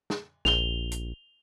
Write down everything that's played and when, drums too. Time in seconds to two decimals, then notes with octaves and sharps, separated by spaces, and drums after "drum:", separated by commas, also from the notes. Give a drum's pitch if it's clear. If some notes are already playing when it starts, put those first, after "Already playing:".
0.10 drum: snare
0.45 A#1 F7 G7, drum: snare
0.92 drum: hi-hat